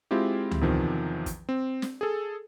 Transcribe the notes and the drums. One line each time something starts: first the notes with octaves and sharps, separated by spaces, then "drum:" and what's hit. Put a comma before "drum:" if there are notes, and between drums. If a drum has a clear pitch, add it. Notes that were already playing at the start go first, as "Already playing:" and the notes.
G#3 C4 E4 F4 G4
drum: tom C#2
E2 C3 D#3 F3
drum: kick, hi-hat
C4
drum: snare
G#4 A4